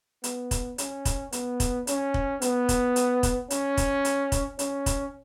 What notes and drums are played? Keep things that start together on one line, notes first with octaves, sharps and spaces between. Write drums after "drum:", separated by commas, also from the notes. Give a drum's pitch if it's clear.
B3, drum: hi-hat
drum: kick, hi-hat
C#4, drum: hi-hat
drum: kick, hi-hat
B3, drum: hi-hat
drum: kick, hi-hat
C#4, drum: hi-hat
drum: kick
B3, drum: hi-hat
drum: kick, hi-hat
drum: hi-hat
drum: kick, hi-hat
C#4, drum: hi-hat
drum: kick, hi-hat
drum: hi-hat
drum: kick, hi-hat
C#4, drum: hi-hat
drum: kick, hi-hat